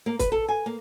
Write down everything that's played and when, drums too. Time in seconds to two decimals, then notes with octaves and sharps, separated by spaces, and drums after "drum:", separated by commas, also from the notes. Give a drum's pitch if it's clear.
0.06 A#3
0.19 B4, drum: kick, hi-hat
0.32 A4
0.48 G#5
0.66 A#3